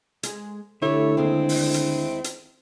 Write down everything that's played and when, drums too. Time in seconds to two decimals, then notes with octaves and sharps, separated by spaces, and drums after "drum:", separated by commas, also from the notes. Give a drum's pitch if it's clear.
0.23 G#3, drum: hi-hat
0.82 D3 A3 E4 G4 C#5
1.17 D#2 G#3 C4 F5
1.49 drum: open hi-hat
1.74 drum: hi-hat
2.24 drum: hi-hat